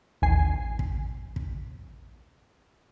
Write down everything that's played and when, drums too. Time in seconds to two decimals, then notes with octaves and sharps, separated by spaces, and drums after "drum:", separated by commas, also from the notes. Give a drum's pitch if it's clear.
0.22 A1 D#2 G#5 C7
0.79 drum: kick
1.36 drum: kick